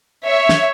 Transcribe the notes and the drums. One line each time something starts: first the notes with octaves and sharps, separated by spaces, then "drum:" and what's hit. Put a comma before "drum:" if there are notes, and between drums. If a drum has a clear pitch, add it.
C#5 E5
drum: snare